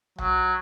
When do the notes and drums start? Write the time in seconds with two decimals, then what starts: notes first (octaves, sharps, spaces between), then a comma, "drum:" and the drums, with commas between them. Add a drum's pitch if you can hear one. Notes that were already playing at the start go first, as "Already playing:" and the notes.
0.18 F#3, drum: tom B1